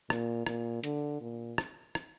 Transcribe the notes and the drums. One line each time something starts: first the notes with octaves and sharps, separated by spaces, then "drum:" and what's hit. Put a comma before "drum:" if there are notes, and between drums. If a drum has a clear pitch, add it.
A#2, drum: rim click
A#2, drum: rim click
D3, drum: hi-hat
A#2
drum: rim click
drum: rim click